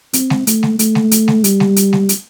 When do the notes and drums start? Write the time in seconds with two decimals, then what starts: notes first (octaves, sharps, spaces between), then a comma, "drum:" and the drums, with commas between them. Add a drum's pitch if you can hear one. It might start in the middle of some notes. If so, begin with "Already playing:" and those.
0.13 C4, drum: hi-hat
0.30 drum: snare G#3
0.47 A3, drum: hi-hat
0.63 drum: snare G#3
0.79 A3, drum: hi-hat
0.95 drum: snare G#3
1.11 drum: hi-hat
1.28 drum: snare G#3
1.44 G3, drum: hi-hat
1.60 drum: snare G#3
1.76 drum: hi-hat
1.93 drum: snare G#3
2.09 drum: hi-hat